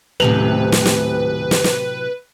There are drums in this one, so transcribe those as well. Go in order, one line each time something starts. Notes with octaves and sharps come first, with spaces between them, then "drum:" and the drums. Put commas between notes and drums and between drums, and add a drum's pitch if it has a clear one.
D#1 A2 C3 F#3 B4 F7 F#7
drum: snare
drum: snare
drum: snare
drum: snare